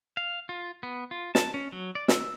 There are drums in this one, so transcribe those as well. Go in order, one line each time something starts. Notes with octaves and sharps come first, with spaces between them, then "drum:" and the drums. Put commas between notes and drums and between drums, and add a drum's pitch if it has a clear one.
F5
F4
B3
F4
A5, drum: snare
C#4
F#3
D5
E6, drum: snare